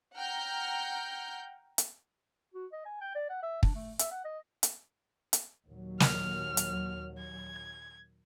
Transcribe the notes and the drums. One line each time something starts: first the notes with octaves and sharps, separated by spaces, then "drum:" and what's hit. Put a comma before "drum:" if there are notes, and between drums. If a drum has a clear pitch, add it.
F#5 G5 A#5 F6 G6
drum: hi-hat
F#4
D#5
G#5
G5
D5
F#5
E5
D4, drum: kick
A3
E5, drum: hi-hat
F#5
D#5
drum: hi-hat
drum: hi-hat
D#2 A#2 F#3
F6, drum: snare
drum: hi-hat
G#6